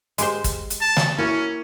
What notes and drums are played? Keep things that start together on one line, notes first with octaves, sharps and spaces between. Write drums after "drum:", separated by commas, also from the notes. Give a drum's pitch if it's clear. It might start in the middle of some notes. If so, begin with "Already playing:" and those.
G#3 G4 C5, drum: hi-hat
drum: kick, hi-hat
drum: hi-hat
A5
drum: snare
A#3 C#4 E4 F#4